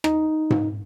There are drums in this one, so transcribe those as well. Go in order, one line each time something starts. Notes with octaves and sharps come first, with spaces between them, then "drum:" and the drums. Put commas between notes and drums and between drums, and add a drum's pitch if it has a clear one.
D#4, drum: rim click
drum: tom G#2